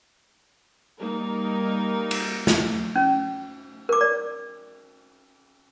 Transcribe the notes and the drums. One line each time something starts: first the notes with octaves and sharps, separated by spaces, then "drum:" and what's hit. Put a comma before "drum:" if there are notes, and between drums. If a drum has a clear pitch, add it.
G3 A#3 D#4 A#4
drum: cymbal
drum: snare
C#4
A#4 D6
D5